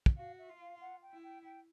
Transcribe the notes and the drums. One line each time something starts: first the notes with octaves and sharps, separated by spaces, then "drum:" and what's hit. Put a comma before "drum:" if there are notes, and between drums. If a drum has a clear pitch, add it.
drum: kick
F#4 F5
E5
F4
F5
F#5
G5
E4
G5
G5